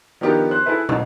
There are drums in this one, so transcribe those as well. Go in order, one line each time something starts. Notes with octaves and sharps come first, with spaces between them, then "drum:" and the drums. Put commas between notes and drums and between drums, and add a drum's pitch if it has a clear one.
D#3 F3 B3 D4 G4 A#4
C5 F#6
E4 G#4 A4 B4 E5
A1, drum: tom